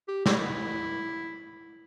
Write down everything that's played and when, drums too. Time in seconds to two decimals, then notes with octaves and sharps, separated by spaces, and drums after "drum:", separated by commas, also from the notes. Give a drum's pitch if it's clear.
0.08 G4
0.26 E4, drum: snare